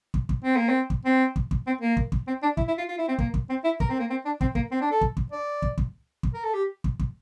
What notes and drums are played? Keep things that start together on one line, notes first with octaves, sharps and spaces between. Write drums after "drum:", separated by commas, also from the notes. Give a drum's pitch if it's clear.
drum: kick
drum: kick
C4
A#3
C4
drum: kick
C4
drum: kick
drum: kick
C4
A#3
drum: kick
drum: kick
C4
D4
E4, drum: kick
E4
F4
F4
E4
C4
A#3, drum: kick
drum: kick
C4
E4
A#4, drum: kick
C4
A#3
C4
D4
C4, drum: kick
A#3, drum: kick
C4
D4
A4
drum: kick
drum: kick
D5
drum: kick
drum: kick
drum: kick
A#4
A4
G4
drum: kick
drum: kick